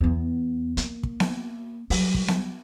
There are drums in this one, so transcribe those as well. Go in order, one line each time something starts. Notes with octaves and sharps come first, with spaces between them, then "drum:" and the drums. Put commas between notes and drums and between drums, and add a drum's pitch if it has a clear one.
E2 B3
A#3, drum: hi-hat
drum: kick
drum: snare B3
F#3 G3, drum: open hi-hat
drum: kick
drum: snare B3